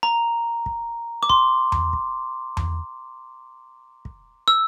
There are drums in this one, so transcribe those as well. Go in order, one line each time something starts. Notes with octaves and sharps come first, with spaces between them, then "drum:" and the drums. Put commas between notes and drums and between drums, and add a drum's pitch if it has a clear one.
A#5
drum: kick
D6
C6, drum: kick
drum: tom E2
drum: kick
drum: tom E2
drum: kick
E6